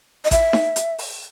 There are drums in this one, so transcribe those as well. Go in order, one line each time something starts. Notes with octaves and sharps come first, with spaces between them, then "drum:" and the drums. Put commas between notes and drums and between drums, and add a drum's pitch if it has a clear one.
D#5
E5, drum: kick A1, hi-hat
drum: snare D#4
drum: hi-hat
drum: open hi-hat